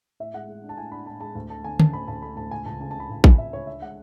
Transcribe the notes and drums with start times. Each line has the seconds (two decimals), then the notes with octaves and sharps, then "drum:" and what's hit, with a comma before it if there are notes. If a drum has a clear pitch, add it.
0.20 A2 E5
0.34 G#3 F#5
0.49 G#3
0.63 D4
0.69 A5
0.77 A2 G#5
0.92 D4 B5
1.06 A2 A5
1.21 G#3 A5
1.35 D2
1.50 A3 A5
1.64 D3 G#5
1.80 C#4 A5, drum: tom
1.93 D2 B5
2.08 D2 A5
2.22 A3 B5
2.37 D2 A5
2.51 C#2 G#5
2.66 C#2 A5
2.80 C#3 A5
2.91 A5
2.95 C#3 B5
3.10 C#2
3.24 C#2 G#5, drum: kick A1
3.38 C#2 E5
3.53 C#2 C#5
3.67 D4 E5
3.82 G#3 F#5